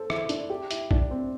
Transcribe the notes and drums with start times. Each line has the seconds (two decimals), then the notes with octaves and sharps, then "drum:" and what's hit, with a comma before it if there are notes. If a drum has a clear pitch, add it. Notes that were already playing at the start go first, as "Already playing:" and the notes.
Already playing: A4 C5
0.10 E4, drum: rim click
0.29 D4, drum: hi-hat
0.50 G4
0.71 E4, drum: hi-hat
0.91 D4, drum: kick
1.11 C4